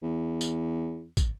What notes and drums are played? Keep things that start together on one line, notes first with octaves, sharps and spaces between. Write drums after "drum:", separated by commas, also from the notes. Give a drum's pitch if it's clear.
E2
drum: tambourine
drum: kick, tambourine